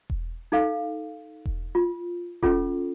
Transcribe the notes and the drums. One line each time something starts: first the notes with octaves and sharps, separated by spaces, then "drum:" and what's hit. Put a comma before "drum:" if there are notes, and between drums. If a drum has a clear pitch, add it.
drum: kick E1
D#4 A4 F5
drum: kick E1
F4
C#4 F4 A4, drum: kick E1